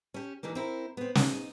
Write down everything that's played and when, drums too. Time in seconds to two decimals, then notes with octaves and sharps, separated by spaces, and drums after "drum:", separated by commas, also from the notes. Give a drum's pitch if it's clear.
0.14 C#4 G4
0.43 D#3 E3 G3 A#3
0.55 C4 E4 A#4
0.97 B3 C4
1.15 D#4 F4, drum: snare
1.31 D#4